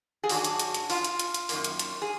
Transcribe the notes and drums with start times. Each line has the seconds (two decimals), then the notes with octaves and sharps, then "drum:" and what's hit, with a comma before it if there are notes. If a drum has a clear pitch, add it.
0.23 G#4
0.29 G#2 D#3 F#3 D4 F#4, drum: open hi-hat
0.44 drum: hi-hat
0.59 drum: hi-hat
0.74 drum: hi-hat
0.90 F4, drum: open hi-hat
1.04 drum: hi-hat
1.19 drum: hi-hat
1.34 drum: hi-hat
1.49 F#2 D#3 A#3, drum: open hi-hat
1.64 drum: hi-hat
1.79 drum: hi-hat
2.02 G#4